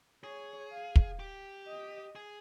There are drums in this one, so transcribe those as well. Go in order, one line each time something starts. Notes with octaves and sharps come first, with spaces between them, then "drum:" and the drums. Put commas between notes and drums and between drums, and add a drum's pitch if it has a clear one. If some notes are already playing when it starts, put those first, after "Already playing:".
G#4 C#5
F5
drum: kick
G4
D#5
G#4